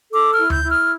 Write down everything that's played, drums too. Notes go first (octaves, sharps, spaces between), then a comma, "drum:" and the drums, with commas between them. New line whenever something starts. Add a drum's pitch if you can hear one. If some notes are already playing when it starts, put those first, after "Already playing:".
A4 D6
F6
E4
G6, drum: tom D2
E4
F6